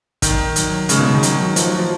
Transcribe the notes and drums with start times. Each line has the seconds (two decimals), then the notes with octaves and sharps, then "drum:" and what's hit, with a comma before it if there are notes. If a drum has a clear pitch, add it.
0.22 D#3, drum: kick, hi-hat
0.56 F#3, drum: hi-hat
0.89 C#3 G#3, drum: hi-hat
0.98 B2
1.06 C#3
1.14 D#3
1.23 F#3, drum: hi-hat
1.56 F3, drum: hi-hat
1.67 F#3
1.79 F3